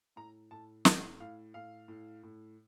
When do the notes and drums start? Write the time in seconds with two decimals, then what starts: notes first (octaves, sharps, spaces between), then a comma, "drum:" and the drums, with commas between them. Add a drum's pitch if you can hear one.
0.16 A2 A#5
0.51 A2 A5
0.85 A2 D#5, drum: snare
1.20 A2 F5
1.54 A2 F5
1.88 A2
2.23 A2